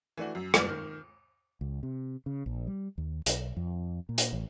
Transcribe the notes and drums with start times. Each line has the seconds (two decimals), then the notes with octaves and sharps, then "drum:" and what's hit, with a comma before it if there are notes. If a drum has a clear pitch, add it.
0.17 E3 A3 D4 F#4
0.35 F#2
0.54 F#1 G2 D5 F6, drum: rim click
0.69 D#3
1.61 C#2
1.83 C3
2.26 C#3
2.46 A#1
2.67 G3
2.98 D#2
3.26 B1, drum: hi-hat
3.57 F2
4.09 A#2
4.18 drum: hi-hat
4.33 A1